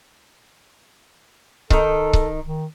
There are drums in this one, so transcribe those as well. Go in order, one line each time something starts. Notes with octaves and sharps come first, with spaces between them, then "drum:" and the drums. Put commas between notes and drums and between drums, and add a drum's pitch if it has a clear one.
D#3 D#4 A4, drum: kick C#1
drum: kick C#1
D#3